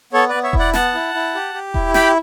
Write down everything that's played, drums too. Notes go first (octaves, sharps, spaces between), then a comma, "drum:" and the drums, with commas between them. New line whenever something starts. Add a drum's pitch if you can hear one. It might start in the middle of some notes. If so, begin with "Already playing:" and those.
B3 A4 C#5
B4 D5
B3
C#5 E5
E4, drum: kick E1
D5 F#5
B3 F#5 A5, drum: snare
E4
E4
G4
G4
E4, drum: kick E1
G4 G5 B5, drum: snare